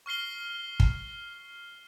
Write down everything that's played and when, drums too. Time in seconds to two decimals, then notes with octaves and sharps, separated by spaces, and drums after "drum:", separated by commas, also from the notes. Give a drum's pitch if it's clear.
0.06 C#6 F6 C7 G7
0.80 drum: kick